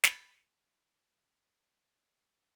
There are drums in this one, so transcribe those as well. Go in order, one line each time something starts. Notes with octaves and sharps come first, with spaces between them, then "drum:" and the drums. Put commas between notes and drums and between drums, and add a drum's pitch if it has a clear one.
B5 A6 B6, drum: snare